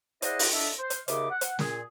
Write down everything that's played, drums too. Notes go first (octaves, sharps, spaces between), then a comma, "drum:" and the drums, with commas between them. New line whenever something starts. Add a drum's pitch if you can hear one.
E4 G#4 C5 D5 D#5 F#5, drum: hi-hat
drum: open hi-hat
D4 A4 D#5 E5
C5
drum: hi-hat
D#2 C#3 D#5 E5 D6, drum: hi-hat
F#5
drum: hi-hat
A#2 G#4, drum: snare